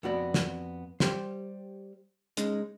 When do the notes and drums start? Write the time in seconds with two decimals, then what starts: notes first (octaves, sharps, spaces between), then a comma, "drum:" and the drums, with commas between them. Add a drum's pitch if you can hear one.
0.03 F2 B3 F#4 D5
0.34 drum: snare
1.00 G3 G4 C5, drum: snare
2.37 G#3 C#4 D#4, drum: hi-hat